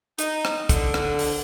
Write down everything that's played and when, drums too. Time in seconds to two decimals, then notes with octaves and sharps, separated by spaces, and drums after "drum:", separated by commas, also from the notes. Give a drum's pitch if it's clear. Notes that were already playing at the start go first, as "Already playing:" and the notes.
0.19 D#4, drum: hi-hat
0.45 drum: rim click
0.69 D3, drum: kick, hi-hat
0.94 drum: rim click
1.19 drum: open hi-hat